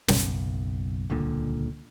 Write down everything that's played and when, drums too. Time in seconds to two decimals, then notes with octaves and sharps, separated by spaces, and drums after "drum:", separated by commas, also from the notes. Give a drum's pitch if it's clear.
0.08 F#1 B1, drum: snare
1.10 D#1 C#2 A#2 D3